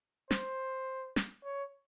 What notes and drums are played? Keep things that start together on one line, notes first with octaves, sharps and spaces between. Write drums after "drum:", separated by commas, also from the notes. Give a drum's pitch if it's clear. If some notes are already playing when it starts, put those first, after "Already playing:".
C5, drum: snare
drum: snare
C#5